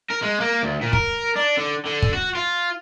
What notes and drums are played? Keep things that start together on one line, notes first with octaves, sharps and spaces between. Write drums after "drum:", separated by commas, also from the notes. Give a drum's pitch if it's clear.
A#4
G#3
A#3
D2
A#2
A#4, drum: kick
D4
D3
D3
drum: kick
F#4
F4